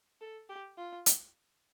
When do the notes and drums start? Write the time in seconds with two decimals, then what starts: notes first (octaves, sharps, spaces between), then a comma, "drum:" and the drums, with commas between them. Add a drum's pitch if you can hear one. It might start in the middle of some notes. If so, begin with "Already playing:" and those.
0.21 A4
0.49 G4
0.78 F4
1.06 drum: hi-hat